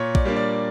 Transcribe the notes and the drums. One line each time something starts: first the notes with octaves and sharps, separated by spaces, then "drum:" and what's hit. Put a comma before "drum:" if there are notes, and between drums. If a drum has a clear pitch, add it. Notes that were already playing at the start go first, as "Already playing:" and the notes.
Already playing: A#2 C#5
D5, drum: kick A#1
G3 A#3 D4
D5